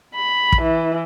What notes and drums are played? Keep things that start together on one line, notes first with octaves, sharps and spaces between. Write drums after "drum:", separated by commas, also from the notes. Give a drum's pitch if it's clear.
B5
drum: kick
E3